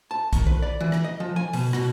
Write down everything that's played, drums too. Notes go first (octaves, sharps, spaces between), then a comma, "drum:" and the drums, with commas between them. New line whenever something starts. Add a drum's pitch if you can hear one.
A5
D#3, drum: kick B1, hi-hat
B4
D5
E3
drum: rim click
D#5
F3
G#5
B2, drum: open hi-hat
B2, drum: rim click